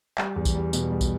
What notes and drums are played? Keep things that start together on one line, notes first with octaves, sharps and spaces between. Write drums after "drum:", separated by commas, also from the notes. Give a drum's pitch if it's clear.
G3, drum: clap
E2
drum: kick, tambourine
G3
B2, drum: tambourine
G3
drum: kick, tambourine